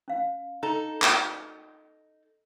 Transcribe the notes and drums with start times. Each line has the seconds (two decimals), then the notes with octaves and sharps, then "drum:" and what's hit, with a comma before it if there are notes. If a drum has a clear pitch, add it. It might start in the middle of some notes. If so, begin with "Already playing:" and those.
0.08 C#4 F5
0.63 D#4 A4 A#5
1.02 drum: clap